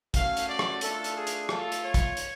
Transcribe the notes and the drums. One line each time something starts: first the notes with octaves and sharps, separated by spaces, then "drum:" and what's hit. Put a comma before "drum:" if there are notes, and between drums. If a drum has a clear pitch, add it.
A3 C#4 F#4 F5, drum: kick, hi-hat
drum: hi-hat
D5
drum: rim click
A3 D4 F4 A4, drum: hi-hat
drum: hi-hat
G#4
drum: hi-hat
A3 F4 A4, drum: rim click
drum: hi-hat
C#5
drum: kick, hi-hat
drum: hi-hat